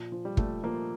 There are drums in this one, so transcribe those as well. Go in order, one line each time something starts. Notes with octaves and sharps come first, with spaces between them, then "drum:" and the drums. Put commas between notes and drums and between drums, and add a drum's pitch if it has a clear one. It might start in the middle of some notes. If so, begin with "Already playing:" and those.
Already playing: A#2 F3
F3
G3
A#2 A3, drum: kick
F3 A#3